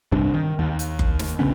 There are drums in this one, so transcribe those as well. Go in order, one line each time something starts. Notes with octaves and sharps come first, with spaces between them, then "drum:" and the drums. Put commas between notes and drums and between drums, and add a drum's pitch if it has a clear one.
B1 G2 C3 D4
D#3
D#2
drum: hi-hat
drum: kick F#1
drum: snare
A#1 C#3 B3 C#4